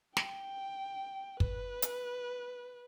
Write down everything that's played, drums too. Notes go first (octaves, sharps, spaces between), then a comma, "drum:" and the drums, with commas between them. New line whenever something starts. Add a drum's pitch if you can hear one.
G5, drum: snare
B4, drum: kick
drum: hi-hat